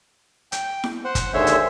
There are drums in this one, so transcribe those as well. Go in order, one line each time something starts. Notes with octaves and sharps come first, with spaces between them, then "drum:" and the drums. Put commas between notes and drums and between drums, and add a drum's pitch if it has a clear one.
G5, drum: hi-hat
drum: snare E4
C5 F#5
drum: kick, hi-hat
D#2 D3 G#3 C5 C#5 E5
drum: hi-hat